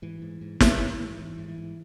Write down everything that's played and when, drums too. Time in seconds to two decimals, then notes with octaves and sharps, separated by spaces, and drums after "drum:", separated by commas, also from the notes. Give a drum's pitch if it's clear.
0.02 G#2 E3
0.22 G#2
0.41 G#2
0.60 G#2, drum: snare
0.80 G#2
0.99 G#2
1.19 G#2 E3
1.38 G#2
1.48 E3
1.58 G#2